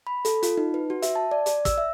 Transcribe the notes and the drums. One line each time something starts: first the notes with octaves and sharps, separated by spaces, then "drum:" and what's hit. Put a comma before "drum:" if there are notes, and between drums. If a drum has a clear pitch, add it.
B5
A4, drum: hi-hat
F4, drum: hi-hat
D#4
B4
F#4
E5, drum: hi-hat
A5
D5
D5, drum: hi-hat
E6, drum: kick, hi-hat
E5